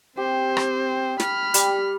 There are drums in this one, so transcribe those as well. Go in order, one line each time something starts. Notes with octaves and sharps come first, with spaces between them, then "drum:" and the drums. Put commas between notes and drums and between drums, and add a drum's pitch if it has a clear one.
C4 G4 C5
drum: rim click
B5 F6, drum: snare
G3, drum: hi-hat